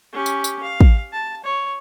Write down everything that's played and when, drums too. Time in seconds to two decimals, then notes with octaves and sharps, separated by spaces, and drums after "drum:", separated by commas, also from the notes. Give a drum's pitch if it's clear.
0.13 C#4 G4
0.26 drum: tambourine
0.44 drum: tambourine
0.62 F5
0.81 drum: kick
1.12 A5
1.44 C#5